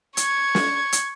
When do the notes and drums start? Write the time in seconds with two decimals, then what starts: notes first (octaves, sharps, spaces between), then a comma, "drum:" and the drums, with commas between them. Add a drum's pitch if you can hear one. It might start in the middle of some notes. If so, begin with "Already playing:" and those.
0.17 C#6 G#6, drum: hi-hat
0.55 drum: snare
0.92 drum: hi-hat